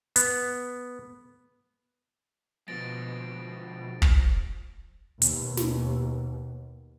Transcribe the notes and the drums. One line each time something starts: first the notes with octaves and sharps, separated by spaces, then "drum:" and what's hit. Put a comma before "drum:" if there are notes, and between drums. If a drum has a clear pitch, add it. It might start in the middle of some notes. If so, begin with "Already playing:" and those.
B3, drum: hi-hat
B2 D3 F3 G#3 A6 A#6 D7
drum: kick
D#2 B2, drum: hi-hat
drum: snare